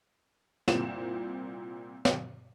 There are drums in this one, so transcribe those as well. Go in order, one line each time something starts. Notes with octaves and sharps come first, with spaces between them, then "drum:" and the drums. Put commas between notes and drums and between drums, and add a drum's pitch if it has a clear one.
C2 A#2 C4 E7, drum: snare
drum: snare